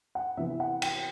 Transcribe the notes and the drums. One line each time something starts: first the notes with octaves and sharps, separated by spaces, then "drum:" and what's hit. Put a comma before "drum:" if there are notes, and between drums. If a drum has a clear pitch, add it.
F#5
C3 E3 B3 E5
F#5
G5, drum: cymbal